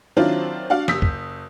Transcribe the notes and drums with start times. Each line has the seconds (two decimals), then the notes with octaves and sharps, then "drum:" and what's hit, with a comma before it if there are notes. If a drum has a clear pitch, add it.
0.17 D#3 F#3 C4 D4 E4 F4
0.70 D4 F#4 F5
0.88 F#1 D#6 E6 G6 B6, drum: snare
1.02 drum: kick